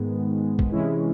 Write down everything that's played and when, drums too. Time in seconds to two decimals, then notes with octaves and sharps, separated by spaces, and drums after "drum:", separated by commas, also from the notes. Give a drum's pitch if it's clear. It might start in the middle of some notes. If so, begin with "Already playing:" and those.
Already playing: G#2 D#3 G#3 B3
0.59 drum: kick
0.71 C3 E3 G#3 C#4 E4